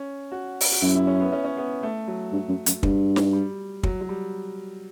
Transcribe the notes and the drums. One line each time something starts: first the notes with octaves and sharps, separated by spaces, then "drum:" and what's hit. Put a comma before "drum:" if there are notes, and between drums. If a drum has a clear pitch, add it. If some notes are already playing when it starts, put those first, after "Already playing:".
Already playing: C#4
F#4
drum: open hi-hat
F#4
F#2 E4
E4
C#4
B3
C#4
C#4
B3
A3
F#3
G2
F#2
F#2, drum: hi-hat
G2, drum: kick
drum: snare
G3
F#3, drum: kick
F#3
G3